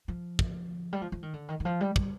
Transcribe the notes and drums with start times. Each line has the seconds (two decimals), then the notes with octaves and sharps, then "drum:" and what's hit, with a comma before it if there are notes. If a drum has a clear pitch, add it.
0.08 F3
0.39 drum: kick
0.93 G3
1.02 F3
1.12 F3
1.23 D#3
1.33 D3
1.48 D#3
1.60 D#3
1.65 F3
1.81 G3
1.96 G3, drum: kick